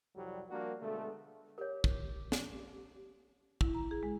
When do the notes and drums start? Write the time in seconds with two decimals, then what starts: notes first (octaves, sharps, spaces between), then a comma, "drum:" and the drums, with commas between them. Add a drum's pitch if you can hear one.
0.16 C2 F2 F#3 G3
0.50 F3 G3 A#3 D4 F#4 A#4
0.80 B2 D3 G#3 A3
1.58 G4 A#4 C#5
1.84 drum: kick
2.32 drum: snare
3.61 E4, drum: kick
3.75 A#5
3.91 G#4
4.03 G#3